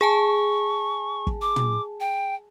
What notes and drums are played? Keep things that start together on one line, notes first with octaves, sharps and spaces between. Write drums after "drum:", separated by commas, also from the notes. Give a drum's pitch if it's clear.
G#4 G#5 A5 C#6
drum: kick
D6
drum: tom
G5